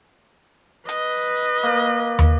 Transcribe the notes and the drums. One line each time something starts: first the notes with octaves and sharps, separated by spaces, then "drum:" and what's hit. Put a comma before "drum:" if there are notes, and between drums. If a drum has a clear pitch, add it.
B4 D#5, drum: hi-hat
A#3
drum: tom